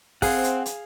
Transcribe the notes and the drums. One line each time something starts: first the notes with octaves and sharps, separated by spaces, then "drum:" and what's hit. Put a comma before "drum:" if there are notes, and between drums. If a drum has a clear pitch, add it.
C4 G#4 F5 F#5, drum: kick, open hi-hat
drum: hi-hat
drum: hi-hat